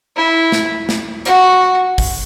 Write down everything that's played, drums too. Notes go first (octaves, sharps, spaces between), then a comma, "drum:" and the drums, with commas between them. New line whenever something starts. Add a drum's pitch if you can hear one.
E4
drum: snare
drum: snare
F#4, drum: hi-hat
drum: kick, open hi-hat